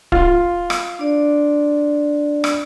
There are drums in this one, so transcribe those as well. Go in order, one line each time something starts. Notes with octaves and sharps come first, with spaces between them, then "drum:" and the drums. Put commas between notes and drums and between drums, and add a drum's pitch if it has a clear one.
F4, drum: kick
drum: rim click
D4 D5
drum: rim click